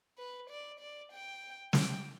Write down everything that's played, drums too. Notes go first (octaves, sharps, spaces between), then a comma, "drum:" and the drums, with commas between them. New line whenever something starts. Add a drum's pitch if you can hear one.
B4
D5
D5
G5
G5, drum: snare